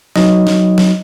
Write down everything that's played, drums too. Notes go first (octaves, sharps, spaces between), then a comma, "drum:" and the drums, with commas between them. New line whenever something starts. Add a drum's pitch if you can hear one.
F#3 D#4 D#5, drum: snare
drum: snare
drum: snare